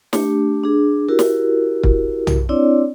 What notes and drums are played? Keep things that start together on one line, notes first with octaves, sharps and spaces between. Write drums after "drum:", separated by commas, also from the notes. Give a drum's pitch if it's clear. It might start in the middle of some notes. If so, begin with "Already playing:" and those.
A3 D4 G4, drum: snare
D4 G#4
E4 F#4 G4 A#4
drum: snare
drum: kick
drum: tom
C4 D4 E4 C#5 D5